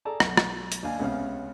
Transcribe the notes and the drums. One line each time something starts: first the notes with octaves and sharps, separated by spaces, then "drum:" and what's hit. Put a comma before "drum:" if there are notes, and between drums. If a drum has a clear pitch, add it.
G#4 A4 D5 A5 A#5
B1, drum: rim click
drum: rim click
drum: hi-hat
D#2 D4 F5 G#5
C#2 C3 B3 C#4 F5